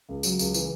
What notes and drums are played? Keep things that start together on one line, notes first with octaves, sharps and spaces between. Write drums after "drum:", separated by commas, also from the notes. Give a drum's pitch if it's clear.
C#2
F#3, drum: tambourine
C#2, drum: tambourine
E3, drum: tambourine